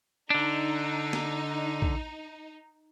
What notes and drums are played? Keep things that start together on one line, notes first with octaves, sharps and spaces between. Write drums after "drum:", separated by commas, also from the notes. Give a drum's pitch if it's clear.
D3 D4 D#4
drum: snare
drum: kick A#1